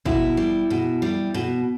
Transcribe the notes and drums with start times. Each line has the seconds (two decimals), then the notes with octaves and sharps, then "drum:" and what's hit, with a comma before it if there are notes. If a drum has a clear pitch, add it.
0.05 B2 E4, drum: kick
0.37 G3
0.70 B2
1.02 G3
1.34 B2